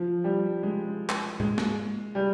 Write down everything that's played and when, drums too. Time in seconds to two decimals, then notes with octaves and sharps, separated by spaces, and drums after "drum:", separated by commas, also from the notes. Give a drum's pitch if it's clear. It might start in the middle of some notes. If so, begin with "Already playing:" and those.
Already playing: F3
0.24 G3
0.63 G#3
1.09 drum: clap
1.40 G#3, drum: tom G#2
1.58 drum: snare
2.15 G3